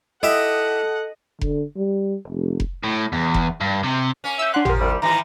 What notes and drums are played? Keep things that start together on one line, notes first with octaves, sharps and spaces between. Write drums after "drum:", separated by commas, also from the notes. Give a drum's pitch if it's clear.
E4 G4 A4 D#5 E5 F#5
D3, drum: kick F1
G3
F1
drum: kick F1
A2
E2
drum: kick F1
G2
C3
A#3 C#4
E5 E6 G6
D4 F#5 C6 F#6
F3 G4 A#4, drum: tom G#1
C2 D#3 G3
G#2 D#3 E3 A#5